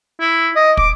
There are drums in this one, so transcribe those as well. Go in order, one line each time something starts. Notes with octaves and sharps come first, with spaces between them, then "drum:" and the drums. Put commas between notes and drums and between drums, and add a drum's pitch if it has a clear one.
E4
D#5
D6, drum: kick